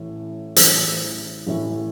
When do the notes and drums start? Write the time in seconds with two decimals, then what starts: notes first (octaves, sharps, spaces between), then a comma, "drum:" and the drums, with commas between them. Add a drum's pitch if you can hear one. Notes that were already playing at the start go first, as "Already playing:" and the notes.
Already playing: A1 A2 E3
0.56 A1 A2 E3, drum: hi-hat
1.47 A1 A2 E3